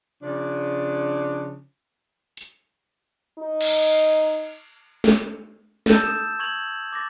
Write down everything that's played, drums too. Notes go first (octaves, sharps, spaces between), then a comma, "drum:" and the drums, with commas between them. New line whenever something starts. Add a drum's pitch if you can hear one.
C#3 F3 D4
drum: hi-hat
D#4
drum: cymbal
drum: snare
A5 E6 G6 A6, drum: snare
D#6 E7
C#6 G#6 F7 F#7
D6 A6 A#6